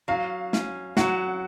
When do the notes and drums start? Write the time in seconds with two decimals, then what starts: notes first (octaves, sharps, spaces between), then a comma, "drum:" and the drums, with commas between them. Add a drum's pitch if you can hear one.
0.08 F#3 F5
0.53 C#4, drum: snare
0.97 F#3 F#5, drum: snare